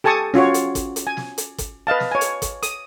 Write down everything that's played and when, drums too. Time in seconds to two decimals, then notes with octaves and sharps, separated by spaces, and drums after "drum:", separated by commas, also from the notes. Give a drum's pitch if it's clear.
0.04 G4 A4 G#5 A5 C#6 D#6
0.34 C#4 F4 F#4 C#5, drum: snare
0.54 drum: hi-hat
0.75 drum: kick, hi-hat
0.96 drum: hi-hat
1.07 G#5
1.17 drum: snare
1.38 drum: hi-hat
1.58 drum: kick, hi-hat
1.87 B4 D#5 F5 A5
2.00 drum: snare
2.11 C#5 G#5
2.21 drum: hi-hat
2.42 drum: kick, hi-hat
2.63 D#6, drum: hi-hat